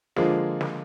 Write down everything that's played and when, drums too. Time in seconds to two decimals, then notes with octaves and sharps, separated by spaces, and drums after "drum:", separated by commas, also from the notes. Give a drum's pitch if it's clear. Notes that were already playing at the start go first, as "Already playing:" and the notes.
0.16 D3 F3 G#3 A#3 F4 G#4, drum: snare
0.61 drum: snare